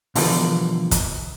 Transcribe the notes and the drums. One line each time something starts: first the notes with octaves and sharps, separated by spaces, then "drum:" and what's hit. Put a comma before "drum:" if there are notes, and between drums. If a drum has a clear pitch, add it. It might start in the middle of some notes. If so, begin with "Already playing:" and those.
B2 D3 E3 F3 G3 A#3, drum: open hi-hat
drum: kick, hi-hat